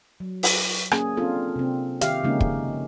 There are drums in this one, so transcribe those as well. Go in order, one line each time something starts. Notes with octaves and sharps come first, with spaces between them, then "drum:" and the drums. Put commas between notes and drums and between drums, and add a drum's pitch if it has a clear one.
F#3
drum: open hi-hat
A#3 C#4 G#4, drum: rim click
C4 D4 F4 A4
C3 C4
D#3 G4 E5 F5, drum: hi-hat
C#3 F3 G#3 A#3 C#4 D#4
drum: kick